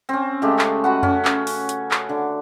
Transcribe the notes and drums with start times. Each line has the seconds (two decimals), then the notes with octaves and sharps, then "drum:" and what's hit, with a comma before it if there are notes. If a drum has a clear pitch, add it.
0.09 C4 C#4
0.42 C#3 G#3 A3 G4
0.59 drum: clap
0.84 F#4 B4 F#5
1.03 C#4, drum: tom F2
1.25 drum: clap
1.47 drum: open hi-hat
1.69 drum: hi-hat
1.91 drum: clap
2.09 D3